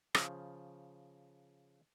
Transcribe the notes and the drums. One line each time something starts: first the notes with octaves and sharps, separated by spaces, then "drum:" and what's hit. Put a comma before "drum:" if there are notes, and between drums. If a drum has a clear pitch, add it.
C#3 F3, drum: rim click